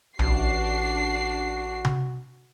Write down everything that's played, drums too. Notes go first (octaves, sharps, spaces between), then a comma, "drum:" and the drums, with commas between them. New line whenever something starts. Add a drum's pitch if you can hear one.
A1 D4 F#4 C7, drum: tom B1
drum: tom C3